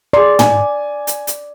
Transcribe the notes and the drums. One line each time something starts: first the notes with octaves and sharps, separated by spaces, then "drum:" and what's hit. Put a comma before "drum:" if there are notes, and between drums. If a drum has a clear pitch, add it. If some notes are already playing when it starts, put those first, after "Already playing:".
G#4 D5 C6
G#5, drum: tom
drum: hi-hat
drum: hi-hat